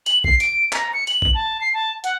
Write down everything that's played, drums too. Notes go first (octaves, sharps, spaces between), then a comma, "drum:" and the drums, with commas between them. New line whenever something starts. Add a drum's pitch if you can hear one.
F#7, drum: hi-hat
C7, drum: kick
D7, drum: hi-hat
A#5, drum: clap
C#7
F#7, drum: hi-hat
drum: kick
A5
C7
A5
F#5, drum: hi-hat